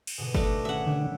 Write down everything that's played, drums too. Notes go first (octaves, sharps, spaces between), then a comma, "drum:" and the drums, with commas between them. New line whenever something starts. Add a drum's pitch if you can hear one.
drum: cymbal
G#2 B2 D3
A3 D4 D#5, drum: kick G1
G#1 C#4 E4 E5 F#5
D3 G4 F#6
G3